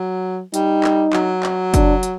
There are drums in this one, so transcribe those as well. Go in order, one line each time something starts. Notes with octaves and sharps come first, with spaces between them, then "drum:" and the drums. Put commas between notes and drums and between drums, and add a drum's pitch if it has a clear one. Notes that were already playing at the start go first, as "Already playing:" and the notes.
Already playing: F#3
G3 D#4, drum: hi-hat
drum: clap
F#3, drum: clap
drum: clap
D4, drum: kick, hi-hat
drum: hi-hat